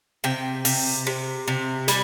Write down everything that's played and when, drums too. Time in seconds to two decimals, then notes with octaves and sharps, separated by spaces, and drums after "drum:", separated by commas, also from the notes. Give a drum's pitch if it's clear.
0.24 C3 G5
0.65 C3, drum: open hi-hat
1.07 C3
1.48 C3
1.88 G3 G#5, drum: snare